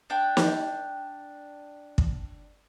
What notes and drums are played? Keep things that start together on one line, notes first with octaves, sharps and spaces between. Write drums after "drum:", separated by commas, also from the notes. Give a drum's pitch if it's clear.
D4 G5
drum: snare
drum: kick